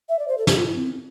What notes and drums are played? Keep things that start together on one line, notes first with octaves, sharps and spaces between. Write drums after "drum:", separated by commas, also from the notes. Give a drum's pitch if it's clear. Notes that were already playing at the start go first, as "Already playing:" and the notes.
E5
D5
C5
A4
G4, drum: snare
F4
E4
C4